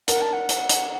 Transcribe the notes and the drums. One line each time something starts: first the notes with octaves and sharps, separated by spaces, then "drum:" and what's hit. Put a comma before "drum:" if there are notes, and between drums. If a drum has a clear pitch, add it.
A#4 F#5, drum: hi-hat
A5
F#5
drum: hi-hat
drum: hi-hat